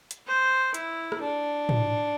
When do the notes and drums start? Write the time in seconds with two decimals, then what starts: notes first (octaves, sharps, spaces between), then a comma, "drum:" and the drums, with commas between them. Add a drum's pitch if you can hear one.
0.11 drum: hi-hat
0.27 C5
0.74 E4, drum: hi-hat
1.12 drum: rim click
1.21 D4
1.69 drum: tom